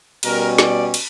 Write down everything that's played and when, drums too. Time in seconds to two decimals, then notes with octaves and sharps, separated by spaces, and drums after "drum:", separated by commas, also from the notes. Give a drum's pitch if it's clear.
0.23 B2 G3 C#4 A#4, drum: cymbal
0.58 D5, drum: snare
0.94 drum: cymbal